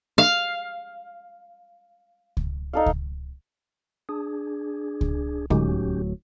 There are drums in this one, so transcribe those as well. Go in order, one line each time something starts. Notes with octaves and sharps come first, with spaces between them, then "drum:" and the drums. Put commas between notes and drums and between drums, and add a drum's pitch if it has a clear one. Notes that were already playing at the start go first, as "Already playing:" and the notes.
F5
drum: kick C#2
D#4 A4 F5
drum: kick C#2
D4 G#4
drum: kick C#2
D1 A2 D3 F#3 G#3 C#4 D#4 G4, drum: kick C#2